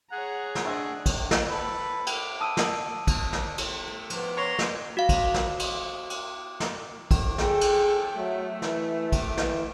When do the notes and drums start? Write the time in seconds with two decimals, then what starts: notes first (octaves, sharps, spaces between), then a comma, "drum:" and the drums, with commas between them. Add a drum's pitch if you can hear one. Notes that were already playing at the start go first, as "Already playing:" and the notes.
0.11 G#4 C#5 F#5 A#5
0.55 drum: snare
0.65 A3 C4 D4 D#5 F#5
1.06 drum: kick, cymbal
1.31 drum: snare
1.49 A4 B4
2.07 drum: cymbal
2.41 A5 D#6 E6 D#7
2.57 drum: snare
3.07 drum: kick, cymbal
3.33 drum: snare
3.58 drum: cymbal
3.88 A3
4.10 F3 B3, drum: cymbal
4.37 C#5 A#5 C6
4.59 drum: snare
4.97 F#4 F5
5.09 drum: kick, cymbal
5.34 drum: snare
5.59 drum: cymbal
6.10 drum: cymbal
6.60 drum: snare
7.11 drum: kick, cymbal
7.38 G#4 A4 G5, drum: snare
7.61 drum: cymbal
8.16 F#3 A3
8.62 E3, drum: snare
9.12 drum: kick, cymbal
9.37 E3, drum: snare